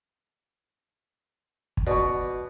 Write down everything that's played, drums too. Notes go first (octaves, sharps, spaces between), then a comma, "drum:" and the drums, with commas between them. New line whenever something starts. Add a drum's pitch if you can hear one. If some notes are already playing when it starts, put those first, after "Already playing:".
drum: kick
B2 D5 C#6